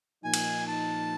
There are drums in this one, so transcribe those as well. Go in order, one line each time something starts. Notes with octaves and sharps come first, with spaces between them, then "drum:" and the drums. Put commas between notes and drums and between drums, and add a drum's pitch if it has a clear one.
A#2 F3 A#3 D#4 G#5
drum: cymbal
A5